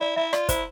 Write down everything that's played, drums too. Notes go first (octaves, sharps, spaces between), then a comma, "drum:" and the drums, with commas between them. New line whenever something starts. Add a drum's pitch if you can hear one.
E4 D5
E4 E5
F4 D5, drum: rim click
E4 C5, drum: kick, hi-hat